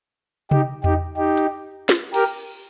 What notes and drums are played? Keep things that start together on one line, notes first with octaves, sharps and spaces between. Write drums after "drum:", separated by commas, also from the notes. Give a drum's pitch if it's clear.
D#4 G4, drum: tom C3
D#4 G4, drum: tom E2
D#4 G4
drum: hi-hat
drum: snare
G4 A#4, drum: cymbal